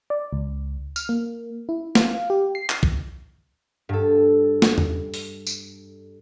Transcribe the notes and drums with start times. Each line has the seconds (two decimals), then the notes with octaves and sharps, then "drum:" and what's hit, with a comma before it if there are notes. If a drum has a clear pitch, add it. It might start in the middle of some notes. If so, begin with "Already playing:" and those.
0.10 D5
0.33 C#2
0.96 F6, drum: tambourine
1.09 A#3
1.69 E4
1.95 F5, drum: snare
2.30 G4
2.55 C7
2.70 drum: clap
2.83 drum: kick
3.89 G2 A4
4.62 drum: snare
4.78 drum: tom E2
5.14 drum: open hi-hat
5.47 drum: tambourine